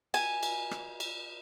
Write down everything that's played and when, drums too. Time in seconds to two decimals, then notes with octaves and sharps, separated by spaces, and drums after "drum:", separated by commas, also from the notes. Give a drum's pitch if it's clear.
0.14 G#5, drum: cymbal
0.43 drum: cymbal
0.71 drum: rim click
1.00 drum: cymbal